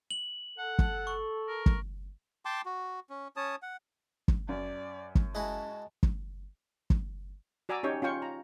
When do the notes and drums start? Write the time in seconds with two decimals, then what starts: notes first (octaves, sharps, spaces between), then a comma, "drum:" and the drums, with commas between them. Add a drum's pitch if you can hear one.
0.11 F#7
0.59 A4 F#5
0.79 drum: kick
1.07 C#6
1.48 A#4
1.66 drum: kick
2.45 G5 A5 C6 D6
2.66 F#4
3.10 C#4
3.36 C#4 C#5 A5 D#6
3.62 F#5
4.28 drum: kick
4.49 F#2 D5
5.15 drum: kick
5.35 G#3 E4 F#4 D#5 G#5 A5
6.03 drum: kick
6.90 drum: kick
7.69 F#4 D5 G#5 A#5 D6 E6
7.83 C#4 D#4 G4 C#5 G5
8.02 C#4 F4 F5 G5 C#6
8.22 A#5